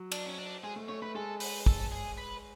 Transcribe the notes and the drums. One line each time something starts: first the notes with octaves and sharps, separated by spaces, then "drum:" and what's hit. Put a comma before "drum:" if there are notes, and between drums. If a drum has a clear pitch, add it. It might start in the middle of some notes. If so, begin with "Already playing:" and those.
Already playing: F#3
D4, drum: cymbal
C#4
D4
G#3 G#4
A3
A3 C#5
A3 B4
G#3 A4
B4, drum: open hi-hat
A4, drum: kick
G#4
B4